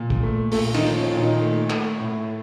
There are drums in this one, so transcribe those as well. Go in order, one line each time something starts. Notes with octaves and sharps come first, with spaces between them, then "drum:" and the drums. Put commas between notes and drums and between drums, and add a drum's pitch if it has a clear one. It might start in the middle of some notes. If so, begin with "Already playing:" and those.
Already playing: A#2
drum: kick
A3
A#2 A3 A4, drum: open hi-hat
D#3 D#4, drum: cymbal
F3
C#4
A#2
D#3 D#4
A3
A3, drum: clap
A2